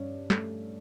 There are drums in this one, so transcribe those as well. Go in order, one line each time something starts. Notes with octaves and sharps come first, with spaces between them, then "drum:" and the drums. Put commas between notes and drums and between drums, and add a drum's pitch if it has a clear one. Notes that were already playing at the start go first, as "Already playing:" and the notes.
Already playing: G2 C#4
A3, drum: snare